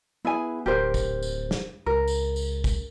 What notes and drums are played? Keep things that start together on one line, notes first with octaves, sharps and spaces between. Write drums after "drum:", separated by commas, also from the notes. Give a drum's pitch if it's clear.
B3 E4 G#4 G#5
D1 G4 A#4 C5
drum: kick, tambourine
drum: tambourine
drum: snare
C#2 A#4
drum: tambourine
drum: tambourine
drum: kick, tambourine